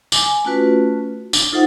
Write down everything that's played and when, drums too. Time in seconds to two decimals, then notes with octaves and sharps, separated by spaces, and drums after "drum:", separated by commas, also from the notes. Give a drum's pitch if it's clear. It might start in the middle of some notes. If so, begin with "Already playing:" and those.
0.12 G#5 D6, drum: tambourine
0.44 A3 C#4 F4 F#4 B4
1.33 D4, drum: tambourine
1.52 D#4 F4 A4 C5 E5 F#5